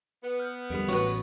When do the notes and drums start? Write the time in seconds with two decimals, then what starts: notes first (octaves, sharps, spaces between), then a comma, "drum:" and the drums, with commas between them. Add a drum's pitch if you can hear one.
0.22 B3
0.39 F6 G6
0.70 F2 D3 G3 G4 A#4
0.88 A1 F#4 B4 C#5, drum: hi-hat
1.07 drum: hi-hat